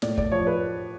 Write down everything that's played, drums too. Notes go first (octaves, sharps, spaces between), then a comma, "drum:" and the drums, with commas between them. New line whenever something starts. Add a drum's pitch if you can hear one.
A2 D5, drum: snare
D5, drum: kick
F3 C#5
B4